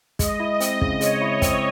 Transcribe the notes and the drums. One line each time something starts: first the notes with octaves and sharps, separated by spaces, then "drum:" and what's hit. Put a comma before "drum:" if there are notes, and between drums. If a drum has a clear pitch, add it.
G#3 D#5, drum: kick, hi-hat
E4
C4, drum: hi-hat
C#3, drum: kick
G#3 C#5, drum: hi-hat
E4
C4, drum: kick, hi-hat